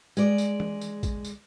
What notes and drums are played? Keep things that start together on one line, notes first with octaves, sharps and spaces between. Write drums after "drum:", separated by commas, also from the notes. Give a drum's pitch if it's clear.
G#3 D5, drum: tambourine
drum: tambourine
drum: tom E3
drum: tambourine
drum: kick, tambourine
drum: tambourine